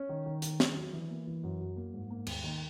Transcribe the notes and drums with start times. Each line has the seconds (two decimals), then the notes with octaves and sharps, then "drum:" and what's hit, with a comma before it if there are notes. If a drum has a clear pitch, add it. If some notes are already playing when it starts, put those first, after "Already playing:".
Already playing: C#4
0.09 D#3
0.26 D#3
0.42 D#3, drum: hi-hat
0.60 D#3, drum: snare
0.76 F#3
0.93 E3
1.10 A#3
1.27 E3
1.43 F#2
1.60 F#3
1.77 A#3
1.94 G#2
2.11 A#3
2.27 D#2, drum: cymbal
2.44 D#3